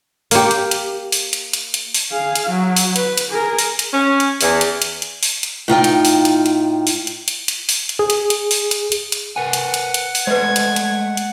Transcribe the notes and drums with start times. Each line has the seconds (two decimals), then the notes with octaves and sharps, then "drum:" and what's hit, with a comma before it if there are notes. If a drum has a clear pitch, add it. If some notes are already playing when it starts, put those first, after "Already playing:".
0.31 A#3 G4, drum: open hi-hat
0.51 drum: hi-hat
0.71 drum: hi-hat
1.12 drum: open hi-hat
1.33 drum: hi-hat
1.53 drum: hi-hat
1.74 drum: hi-hat
1.94 drum: open hi-hat
2.12 G#4 F5
2.35 drum: hi-hat
2.49 F#3
2.77 drum: open hi-hat
2.96 B4, drum: hi-hat
3.18 drum: hi-hat
3.30 G#4 A#4
3.59 drum: open hi-hat
3.79 drum: hi-hat
3.92 C#4
4.20 drum: hi-hat
4.41 E2, drum: open hi-hat
4.61 drum: hi-hat
4.82 drum: hi-hat
5.02 drum: hi-hat
5.23 drum: open hi-hat
5.43 drum: hi-hat
5.68 A2 D#4 F4 G5
5.84 drum: hi-hat
6.05 drum: open hi-hat
6.25 drum: hi-hat
6.46 drum: hi-hat
6.87 drum: open hi-hat
7.07 drum: hi-hat
7.28 drum: hi-hat
7.48 drum: hi-hat
7.69 drum: open hi-hat
7.89 drum: hi-hat
7.99 G#4
8.10 drum: hi-hat
8.30 drum: hi-hat
8.51 drum: open hi-hat
8.71 drum: hi-hat
8.92 drum: hi-hat
9.12 drum: hi-hat
9.36 A#4 B4 F#5 G#5
9.53 drum: hi-hat
9.74 drum: hi-hat
9.94 drum: hi-hat
10.15 drum: open hi-hat
10.27 G#3 A3 B4 C5 D5 G#6
10.56 drum: hi-hat
10.76 drum: hi-hat
11.17 drum: hi-hat